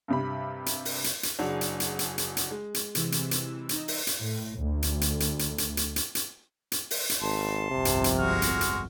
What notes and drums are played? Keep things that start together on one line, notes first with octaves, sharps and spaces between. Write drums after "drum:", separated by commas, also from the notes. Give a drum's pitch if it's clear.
G2 C3 B5
drum: hi-hat
drum: open hi-hat
drum: hi-hat
drum: hi-hat
F#1 F#3 D4 G#4
drum: hi-hat
drum: hi-hat
drum: hi-hat
drum: hi-hat
drum: hi-hat
G#3
drum: hi-hat
C3 E3 E6, drum: hi-hat
drum: hi-hat
drum: hi-hat
D#4 E6 A#6, drum: hi-hat
drum: open hi-hat
drum: hi-hat
A2
D2
drum: hi-hat
drum: hi-hat
drum: hi-hat
drum: hi-hat
drum: hi-hat
drum: hi-hat
drum: hi-hat
drum: hi-hat
drum: hi-hat
drum: open hi-hat
drum: hi-hat
G#1 A5 C6
G1 C2 F2 C3
drum: hi-hat
drum: hi-hat
G#3 F#4 F6
drum: hi-hat
drum: hi-hat